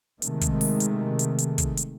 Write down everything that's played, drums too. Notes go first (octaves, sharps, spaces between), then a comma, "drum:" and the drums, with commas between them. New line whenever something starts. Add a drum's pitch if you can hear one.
C3 D#3 G#3 A3, drum: hi-hat
drum: kick, hi-hat
drum: open hi-hat
drum: hi-hat
drum: hi-hat
drum: hi-hat
drum: kick, hi-hat
drum: hi-hat